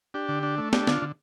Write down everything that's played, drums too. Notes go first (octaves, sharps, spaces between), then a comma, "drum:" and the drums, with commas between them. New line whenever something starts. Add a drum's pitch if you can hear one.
D4 G4
D3
D4
A3
D4 G4, drum: snare
D3 F4, drum: snare
D3